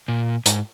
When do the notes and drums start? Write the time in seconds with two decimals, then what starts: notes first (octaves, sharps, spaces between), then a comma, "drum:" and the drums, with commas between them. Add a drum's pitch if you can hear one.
0.08 A#2
0.46 G#2, drum: hi-hat